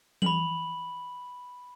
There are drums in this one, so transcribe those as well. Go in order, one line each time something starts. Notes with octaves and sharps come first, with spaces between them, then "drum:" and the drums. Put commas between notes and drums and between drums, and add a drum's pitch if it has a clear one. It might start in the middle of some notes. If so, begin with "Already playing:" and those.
B5 F#7, drum: tom E3